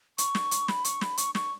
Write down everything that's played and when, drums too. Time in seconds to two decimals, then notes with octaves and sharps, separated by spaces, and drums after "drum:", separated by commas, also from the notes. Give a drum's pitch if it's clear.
0.18 C#6, drum: hi-hat
0.35 drum: snare
0.51 drum: hi-hat
0.68 B5, drum: snare
0.85 C#6, drum: hi-hat
1.01 B5, drum: snare
1.17 C#6, drum: hi-hat
1.35 C#6, drum: snare